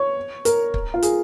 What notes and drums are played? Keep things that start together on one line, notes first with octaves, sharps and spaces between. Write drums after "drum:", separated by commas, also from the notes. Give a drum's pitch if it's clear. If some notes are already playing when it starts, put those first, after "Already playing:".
Already playing: C#5
A#4, drum: hi-hat
drum: kick
F4
G#4, drum: hi-hat